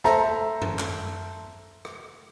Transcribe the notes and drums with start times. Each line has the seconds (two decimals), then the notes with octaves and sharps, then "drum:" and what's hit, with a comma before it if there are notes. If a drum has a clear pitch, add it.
0.04 A4 C5 E5 A#5, drum: snare
0.62 drum: tom F#2
0.79 drum: clap
1.85 drum: rim click